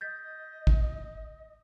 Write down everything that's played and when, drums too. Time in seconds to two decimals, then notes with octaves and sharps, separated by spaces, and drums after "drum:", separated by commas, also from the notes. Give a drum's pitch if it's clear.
0.01 D#5 G6 A6 B6
0.67 drum: kick